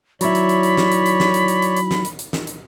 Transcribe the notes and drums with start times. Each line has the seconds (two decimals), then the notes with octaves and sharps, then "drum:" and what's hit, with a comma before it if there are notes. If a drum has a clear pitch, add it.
0.21 D#3 F#3 E4 C#5 D5 B5, drum: hi-hat
0.35 drum: hi-hat
0.49 drum: hi-hat
0.63 drum: hi-hat
0.77 drum: snare
0.92 drum: hi-hat
1.06 drum: hi-hat
1.20 drum: snare
1.34 drum: hi-hat
1.48 drum: hi-hat
1.62 drum: hi-hat
1.77 drum: hi-hat
1.91 drum: snare
2.05 drum: hi-hat
2.19 drum: hi-hat
2.33 drum: snare
2.47 drum: hi-hat